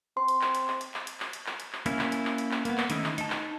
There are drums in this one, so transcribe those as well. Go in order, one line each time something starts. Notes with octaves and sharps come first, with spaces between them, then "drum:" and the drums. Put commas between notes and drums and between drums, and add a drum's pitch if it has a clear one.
C4 C6
drum: hi-hat
drum: clap
drum: hi-hat
drum: clap
drum: hi-hat
drum: clap
drum: hi-hat
drum: clap
drum: hi-hat
drum: clap
drum: hi-hat
drum: clap
A#3 C#4 E4, drum: hi-hat
drum: clap
drum: hi-hat
drum: clap
drum: hi-hat
drum: clap
A#3 B3, drum: hi-hat
drum: clap
D#3 A3 C#4 D#4 E4, drum: hi-hat
drum: clap
D#4 A5, drum: hi-hat
drum: clap